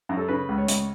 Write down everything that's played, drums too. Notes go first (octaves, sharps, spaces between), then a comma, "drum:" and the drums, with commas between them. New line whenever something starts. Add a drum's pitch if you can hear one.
F#2
A4
C#3 B4
C#2
C#5
C#2, drum: hi-hat